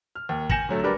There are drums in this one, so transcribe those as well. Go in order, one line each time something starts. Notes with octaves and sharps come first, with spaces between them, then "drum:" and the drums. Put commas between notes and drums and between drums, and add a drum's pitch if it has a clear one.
F6
D#2
G#5 G6 A#6 C#7 E7 F#7, drum: kick
D3 F#3 A3
G3 D4 G4 A#4 B4 D5